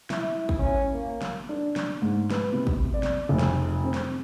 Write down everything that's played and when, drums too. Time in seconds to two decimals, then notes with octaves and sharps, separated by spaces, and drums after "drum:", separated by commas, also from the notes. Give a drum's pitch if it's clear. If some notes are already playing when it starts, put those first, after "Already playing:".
0.10 E4, drum: snare
0.49 drum: kick
0.59 C#4
0.93 A#3
1.21 drum: snare
1.49 D4
1.76 drum: snare
2.02 G#2
2.30 B4, drum: snare
2.53 C3
2.67 drum: kick
2.94 D5
3.03 drum: snare
3.29 F1
3.39 drum: snare
3.84 C4
3.94 drum: snare